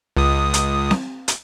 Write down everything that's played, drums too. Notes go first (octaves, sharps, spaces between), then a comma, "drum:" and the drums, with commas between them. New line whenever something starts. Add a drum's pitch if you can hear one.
C#2 D#6
drum: hi-hat
drum: snare C4
drum: hi-hat